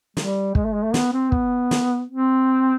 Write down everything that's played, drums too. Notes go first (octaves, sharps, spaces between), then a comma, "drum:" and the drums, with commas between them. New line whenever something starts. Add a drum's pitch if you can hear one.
G3, drum: snare
G#3, drum: kick
A3
G#3
A3
B3, drum: snare
C4
B3, drum: kick
drum: snare
C4